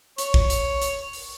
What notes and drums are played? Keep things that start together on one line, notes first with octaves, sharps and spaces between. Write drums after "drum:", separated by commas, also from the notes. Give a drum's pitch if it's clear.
C#5, drum: hi-hat
drum: kick
drum: hi-hat
drum: hi-hat
drum: open hi-hat